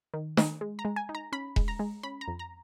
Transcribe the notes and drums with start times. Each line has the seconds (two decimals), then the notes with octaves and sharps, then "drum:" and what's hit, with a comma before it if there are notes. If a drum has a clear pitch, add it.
0.14 D#3
0.37 D#3, drum: snare
0.61 G#3
0.79 A#5
0.85 G#3
0.96 G#5
1.09 D#4
1.15 A#5
1.32 C#4 B5
1.56 G#3, drum: kick E1
1.68 A#5
1.79 G#3
2.03 C#4 B5
2.21 A#5
2.28 F2
2.39 A#5